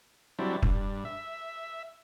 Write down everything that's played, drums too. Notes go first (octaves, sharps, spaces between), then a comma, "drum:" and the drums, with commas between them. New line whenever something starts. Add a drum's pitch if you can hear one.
F#3 G3 C4 D4 E4
G2, drum: kick
E5